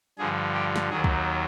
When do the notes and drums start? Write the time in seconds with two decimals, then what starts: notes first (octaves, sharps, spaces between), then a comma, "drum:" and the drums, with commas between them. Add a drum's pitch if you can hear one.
0.18 G2 D3 F3 G#4
0.54 G4
0.76 drum: snare
0.90 D#2 D#3 F#3 G#4
1.04 drum: kick